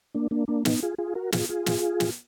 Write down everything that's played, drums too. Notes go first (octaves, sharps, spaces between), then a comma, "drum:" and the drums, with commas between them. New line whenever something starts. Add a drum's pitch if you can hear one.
A#3 D4
A#3 D4
A#3 D4
B3 D#4, drum: snare
F4 G#4
F4 G#4
F#4 A#4
F4 G#4, drum: snare
F4 G#4
drum: snare
drum: snare